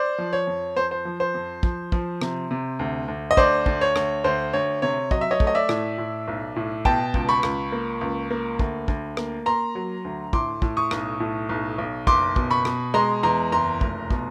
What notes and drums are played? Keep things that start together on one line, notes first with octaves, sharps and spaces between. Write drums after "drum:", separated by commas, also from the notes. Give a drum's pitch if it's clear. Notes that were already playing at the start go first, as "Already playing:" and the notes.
Already playing: C5 D5
F3
C#5
F2
F2 C5
C5
F3
C5
F2
F3, drum: kick
F3, drum: kick
C3, drum: rim click
C3
D2
D2
D#5
D2 C5 D5, drum: kick
D2, drum: kick
C#5
D2, drum: rim click
D2 C5
D2 C#5
C3 C#5
F#3 D#5, drum: kick
E5
C#5 D#5
A3, drum: kick
D#5
D5 E5
A2, drum: rim click
A2
B1
A2
B2 G5 A5, drum: kick
C#2, drum: kick
B5 C#6
C#2, drum: rim click
A#3
C#2
A#3
D2, drum: kick
D2, drum: kick
A#3, drum: rim click
A#3 A#5 C6
F#3
D2
A2 C6 D6, drum: kick
A2, drum: kick
C#6 D#6
B1, drum: rim click
A2
B1
B1
F#1 C6 D6, drum: kick
B2, drum: kick
B5 C#6
B2, drum: rim click
G#3 A#5 C6
E2 A#5 C6
F#1 A#5 C6
F1, drum: kick
B2, drum: kick